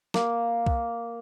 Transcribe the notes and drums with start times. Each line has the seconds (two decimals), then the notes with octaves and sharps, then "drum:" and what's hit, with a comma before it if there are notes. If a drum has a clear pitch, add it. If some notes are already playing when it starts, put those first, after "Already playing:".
0.14 A#3, drum: snare
0.66 drum: kick C2